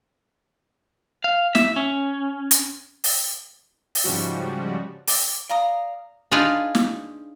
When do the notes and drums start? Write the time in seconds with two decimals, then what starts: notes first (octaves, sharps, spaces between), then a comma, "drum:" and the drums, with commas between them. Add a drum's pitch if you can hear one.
1.24 F5
1.55 E5, drum: snare
1.76 C#4
2.51 drum: hi-hat
3.04 drum: open hi-hat
3.95 drum: open hi-hat
4.04 G#2 C#3 F3 G3 F#4
5.07 D6, drum: open hi-hat
5.49 D5 F5 A#5 D#6
6.31 D4 D#4 F4 G#4 B4 F5
6.75 drum: snare